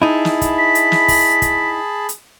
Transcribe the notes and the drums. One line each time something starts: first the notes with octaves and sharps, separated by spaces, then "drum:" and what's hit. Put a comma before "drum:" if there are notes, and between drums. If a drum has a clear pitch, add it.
D#4 E4 G#4 A5 B5
drum: snare
drum: kick, hi-hat
B6
drum: hi-hat
drum: snare
drum: kick, open hi-hat
drum: kick, hi-hat
drum: hi-hat